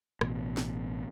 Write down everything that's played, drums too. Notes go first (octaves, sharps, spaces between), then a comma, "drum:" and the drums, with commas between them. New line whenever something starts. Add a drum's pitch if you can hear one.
A1 B2, drum: rim click
drum: snare